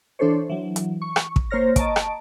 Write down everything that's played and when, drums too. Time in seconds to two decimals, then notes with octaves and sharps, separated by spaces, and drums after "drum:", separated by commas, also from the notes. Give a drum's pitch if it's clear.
0.19 E3 D4 A4 C5 C#5
0.49 E3 F#3
0.76 drum: hi-hat
1.02 C#6
1.16 drum: rim click
1.36 drum: kick
1.51 A#3 C5 C#5 F6 A#6
1.76 D#5 A5 A#5 C#6 D7, drum: kick, hi-hat
1.96 drum: rim click